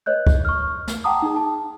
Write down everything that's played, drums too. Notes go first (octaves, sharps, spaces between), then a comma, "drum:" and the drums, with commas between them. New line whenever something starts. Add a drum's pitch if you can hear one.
B4 C#5 D#5 F#6 G6
drum: kick
C#6 F6
drum: snare
F#5 G5 A5 A#5 D6 D#6
D#4 G#4
A5